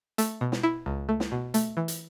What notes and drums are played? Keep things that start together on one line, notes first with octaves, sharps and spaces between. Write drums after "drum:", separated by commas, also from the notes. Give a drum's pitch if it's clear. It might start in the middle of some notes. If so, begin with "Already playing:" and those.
A3, drum: hi-hat
B2
drum: snare
E4
C#2
A3
drum: snare
B2
A3, drum: hi-hat
E3
drum: hi-hat